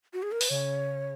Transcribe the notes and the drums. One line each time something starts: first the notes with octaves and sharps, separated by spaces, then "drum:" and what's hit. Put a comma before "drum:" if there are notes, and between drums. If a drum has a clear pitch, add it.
F#4
G#4
A#4
B4, drum: open hi-hat
C#3 C#5